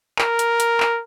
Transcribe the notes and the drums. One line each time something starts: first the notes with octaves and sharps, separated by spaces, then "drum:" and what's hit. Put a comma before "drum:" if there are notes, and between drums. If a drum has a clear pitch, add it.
A#4, drum: clap
drum: hi-hat
drum: hi-hat
drum: clap